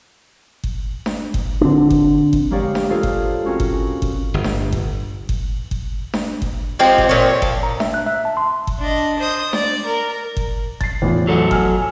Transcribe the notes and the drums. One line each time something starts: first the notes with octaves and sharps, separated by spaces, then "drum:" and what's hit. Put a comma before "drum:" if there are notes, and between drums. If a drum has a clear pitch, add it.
drum: kick G1
drum: snare D4
drum: kick G1
D3 C4 D4
drum: kick G1
drum: kick G1
G#3 A#3 G4 C#5 D5 F5
drum: snare D4
A#3 F4 G#4 A4 C5
drum: kick G1
A#3 C4 C#4 F#4
drum: kick G1
drum: kick G1
G1
drum: snare D4
drum: kick G1
drum: kick G1
drum: kick G1
drum: snare D4
drum: kick G1
F3 G#3 C4 G4
drum: kick G1
A#2 C#5
F3, drum: kick G1
A#5
E5, drum: snare D4
F#6
E5
A5
C6
drum: kick G1
D4 D#5
C5 D#6
D5, drum: snare D4
A#4
drum: kick G1
A6 C7, drum: kick G1
E2 A2 F3
F#3 A4 F#5
G#5 E6 F6, drum: kick G1